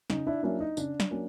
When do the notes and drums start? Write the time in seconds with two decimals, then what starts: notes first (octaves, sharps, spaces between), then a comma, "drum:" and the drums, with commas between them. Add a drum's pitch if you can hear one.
0.10 C#3 D#4, drum: snare
0.27 D4 E4
0.43 F#3 A#3 C#4 D4 E4
0.60 D#4
0.77 C#3 D4, drum: tambourine
1.00 drum: snare
1.11 F#3 A#3 C#4